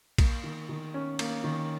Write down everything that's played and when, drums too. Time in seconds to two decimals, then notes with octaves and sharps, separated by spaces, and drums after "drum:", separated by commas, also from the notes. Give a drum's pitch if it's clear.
0.18 A#3, drum: kick A#1, cymbal
0.43 D#3
0.69 D#3
0.94 C#4
1.19 A#3, drum: cymbal
1.44 D#3